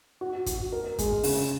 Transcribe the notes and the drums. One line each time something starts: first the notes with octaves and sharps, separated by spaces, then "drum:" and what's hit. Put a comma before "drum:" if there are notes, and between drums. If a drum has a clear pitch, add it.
F#4
F#4, drum: kick, hi-hat
A#4
G#3, drum: kick, hi-hat
C#3, drum: open hi-hat